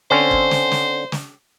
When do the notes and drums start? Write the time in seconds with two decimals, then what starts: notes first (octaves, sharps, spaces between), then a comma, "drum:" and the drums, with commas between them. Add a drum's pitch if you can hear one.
0.11 D3 C4 C#4 C5
0.31 drum: kick
0.51 drum: snare
0.72 drum: snare
1.12 drum: snare